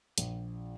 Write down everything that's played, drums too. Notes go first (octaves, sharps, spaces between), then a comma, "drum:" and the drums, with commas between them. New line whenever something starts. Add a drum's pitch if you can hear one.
A#1, drum: hi-hat